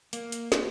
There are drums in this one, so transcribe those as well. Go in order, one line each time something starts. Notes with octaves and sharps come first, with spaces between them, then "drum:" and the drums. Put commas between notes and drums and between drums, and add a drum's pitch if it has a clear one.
A#3, drum: hi-hat
drum: hi-hat
drum: snare